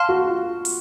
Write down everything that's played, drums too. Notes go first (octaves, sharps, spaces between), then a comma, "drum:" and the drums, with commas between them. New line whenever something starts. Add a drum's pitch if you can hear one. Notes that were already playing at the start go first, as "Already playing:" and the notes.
Already playing: F5 A5 C6 F6
F#4
F4
drum: open hi-hat